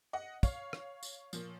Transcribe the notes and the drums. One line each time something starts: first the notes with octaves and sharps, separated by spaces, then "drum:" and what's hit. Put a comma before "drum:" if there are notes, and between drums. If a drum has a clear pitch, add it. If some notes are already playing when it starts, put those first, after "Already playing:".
D#5 F#5
C#5 F5, drum: kick, tambourine
drum: rim click
drum: tambourine
A#2 F3, drum: tambourine